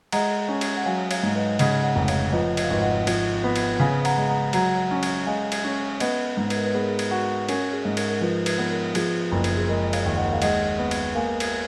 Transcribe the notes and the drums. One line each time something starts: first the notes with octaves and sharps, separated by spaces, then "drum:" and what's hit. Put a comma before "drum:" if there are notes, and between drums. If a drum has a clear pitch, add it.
G#3 F#5 A#5, drum: cymbal
C#4
drum: cymbal
F#5
F#3 F5 G#5
C#5 F5, drum: cymbal
G#2
B4 D#5
C#3 D#5 F#5, drum: cymbal
D#5 F#5
F1
C#5 F5, drum: cymbal
F3 B4 D#5
D#5, drum: cymbal
F5
G#1 B4 D#5
D#5 F#5
F3, drum: cymbal
B3
drum: cymbal
C#3 F5 G#5
F#5 A#5, drum: cymbal
G#3
F#5 A#5
F#3 F#5 A#5, drum: cymbal
C#4
drum: cymbal
G#3 F5 G#5
drum: cymbal
C#4
B3 B4 D#5, drum: cymbal
B4
G#2
B4, drum: cymbal
A#4
B4
B3 G#4
A#4
G#4
drum: cymbal
F#4
C#4 A#4, drum: cymbal
G#4
G#2
A#4, drum: cymbal
A#4
F3 B4
B4, drum: cymbal
B3
A#4
F3 G#4, drum: cymbal
F#1
drum: cymbal
G#4
G#3 A#4
C#5 F5, drum: cymbal
D#2
D#5 F#5
F5
G#3 D#5 F#5, drum: cymbal
B3
drum: cymbal
A#3 F5 G#5
drum: cymbal